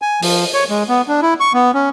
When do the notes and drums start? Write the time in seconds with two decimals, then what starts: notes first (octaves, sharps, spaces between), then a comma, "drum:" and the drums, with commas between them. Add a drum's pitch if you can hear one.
0.02 G#5
0.22 F3, drum: open hi-hat
0.54 C#5
0.70 G#3
0.89 B3
1.08 D4
1.22 E4
1.40 C#6
1.54 B3
1.74 C#4